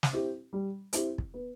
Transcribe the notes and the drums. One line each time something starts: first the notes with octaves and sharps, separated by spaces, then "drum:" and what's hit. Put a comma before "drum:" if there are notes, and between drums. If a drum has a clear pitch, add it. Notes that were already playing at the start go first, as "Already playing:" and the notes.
drum: snare
C4 E4 G4
G3
C4 E4 G4, drum: hi-hat
drum: kick
B3